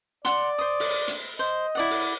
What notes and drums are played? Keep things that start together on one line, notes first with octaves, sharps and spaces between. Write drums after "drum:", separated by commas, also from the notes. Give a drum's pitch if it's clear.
D5 F#5 C6, drum: hi-hat
C5 D#6
drum: open hi-hat
drum: hi-hat
C5 D#5
E4 D5 F#5
drum: open hi-hat